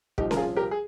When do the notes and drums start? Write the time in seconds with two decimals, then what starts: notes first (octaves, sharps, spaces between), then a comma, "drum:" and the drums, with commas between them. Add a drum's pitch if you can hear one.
0.18 C2 A#2 F3 D#4 G4, drum: kick
0.31 A#4, drum: snare C#4
0.37 F4 G#4
0.57 G4 A#4
0.71 G#4